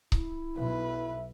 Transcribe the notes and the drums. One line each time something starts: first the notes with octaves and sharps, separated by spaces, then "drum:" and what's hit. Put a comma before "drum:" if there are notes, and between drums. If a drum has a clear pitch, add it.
E4, drum: kick C#1
B1 B4 E5